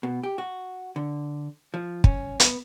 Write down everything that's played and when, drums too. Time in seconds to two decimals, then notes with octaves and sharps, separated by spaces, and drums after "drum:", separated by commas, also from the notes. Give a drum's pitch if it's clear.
0.03 B2
0.23 G4
0.38 F#4
0.96 D3
1.74 F3
2.04 C#4, drum: kick
2.40 B3, drum: hi-hat